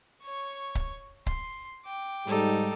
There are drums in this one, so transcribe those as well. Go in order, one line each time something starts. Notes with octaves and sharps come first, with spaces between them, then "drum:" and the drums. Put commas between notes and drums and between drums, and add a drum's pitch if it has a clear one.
C#5 C#6
drum: kick C#1
C6, drum: kick C#1
G5 D6
G#2 G3 D#4 A4